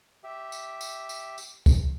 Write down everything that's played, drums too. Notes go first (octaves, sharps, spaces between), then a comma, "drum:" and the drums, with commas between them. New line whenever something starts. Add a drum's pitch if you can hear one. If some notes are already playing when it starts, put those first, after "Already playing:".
G4 E5
drum: tambourine
drum: tambourine
drum: tambourine
drum: tambourine
drum: kick, tambourine